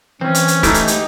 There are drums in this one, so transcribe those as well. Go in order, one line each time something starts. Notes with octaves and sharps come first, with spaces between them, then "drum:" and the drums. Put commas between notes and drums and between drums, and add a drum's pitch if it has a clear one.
E3 C4 C#4
drum: hi-hat
drum: hi-hat
E3 A3 D#4 E4 G4 G#5, drum: kick, hi-hat
drum: hi-hat
drum: hi-hat